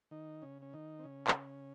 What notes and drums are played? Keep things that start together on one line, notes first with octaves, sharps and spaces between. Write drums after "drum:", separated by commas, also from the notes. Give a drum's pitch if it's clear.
D#3 D#4
C#3 C#4
C#4
D#3 D#4
C4
C#3 C#4
drum: clap